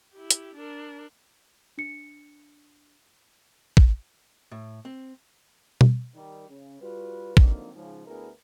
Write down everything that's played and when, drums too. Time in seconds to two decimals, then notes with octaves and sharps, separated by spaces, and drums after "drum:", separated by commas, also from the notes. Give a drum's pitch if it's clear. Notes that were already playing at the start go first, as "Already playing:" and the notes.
0.13 E4 G4
0.30 drum: hi-hat
0.55 D4 A#4
1.78 D4 C#7
3.77 drum: kick
4.52 A2
4.85 C4
5.81 drum: tom B2
6.15 D#3 G3
6.49 C#3
6.81 G3 F4 F#4 B4
7.37 D3 D#3 F3 F#3 A#3 C4, drum: kick
7.75 G#2 C#3 F3
8.07 D2 B3 E4 G#4 A#4